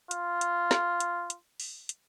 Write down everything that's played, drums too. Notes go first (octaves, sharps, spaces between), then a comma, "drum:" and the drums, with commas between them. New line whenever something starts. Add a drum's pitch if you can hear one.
F4, drum: hi-hat
drum: hi-hat
drum: snare
drum: hi-hat
drum: hi-hat
drum: open hi-hat
drum: hi-hat